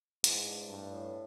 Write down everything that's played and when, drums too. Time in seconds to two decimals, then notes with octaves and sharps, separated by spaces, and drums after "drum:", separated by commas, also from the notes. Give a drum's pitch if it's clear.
0.24 G#2 E3, drum: hi-hat
0.46 D4
0.68 G2 A3
0.91 A2